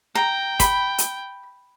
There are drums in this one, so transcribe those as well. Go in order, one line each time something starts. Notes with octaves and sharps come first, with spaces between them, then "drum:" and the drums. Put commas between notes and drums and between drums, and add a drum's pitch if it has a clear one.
G5 A#5
B5, drum: kick, hi-hat
drum: hi-hat